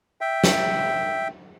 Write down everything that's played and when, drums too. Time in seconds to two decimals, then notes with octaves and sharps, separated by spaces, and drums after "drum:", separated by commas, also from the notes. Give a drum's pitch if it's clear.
0.21 E5 G5
0.44 drum: snare